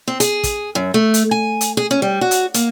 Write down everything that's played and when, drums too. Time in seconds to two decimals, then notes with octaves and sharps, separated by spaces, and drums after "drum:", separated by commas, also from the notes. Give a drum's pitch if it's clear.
0.08 C4
0.20 G#4, drum: hi-hat
0.43 drum: kick, hi-hat
0.75 F#2
0.94 A3
1.14 drum: hi-hat
1.31 G#5
1.61 drum: hi-hat
1.77 G#4
1.91 C#4
2.02 G3
2.21 F#4
2.31 drum: hi-hat
2.54 A#3, drum: hi-hat